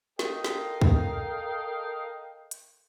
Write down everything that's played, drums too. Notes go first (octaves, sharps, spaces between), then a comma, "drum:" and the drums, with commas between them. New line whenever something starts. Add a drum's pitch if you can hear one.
A4 A#4 D#5 F5 G5, drum: snare
drum: snare
drum: kick
drum: hi-hat